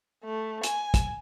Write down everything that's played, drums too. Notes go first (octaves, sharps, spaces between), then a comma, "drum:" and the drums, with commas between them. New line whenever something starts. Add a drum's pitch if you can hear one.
A3
G#5, drum: hi-hat
drum: kick, hi-hat